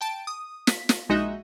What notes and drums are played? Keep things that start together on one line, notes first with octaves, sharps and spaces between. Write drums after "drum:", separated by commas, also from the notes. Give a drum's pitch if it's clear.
G5 A5 D7
D#6
B6, drum: snare
drum: snare
A#1 G#3 D#4 F#4 D#5 E5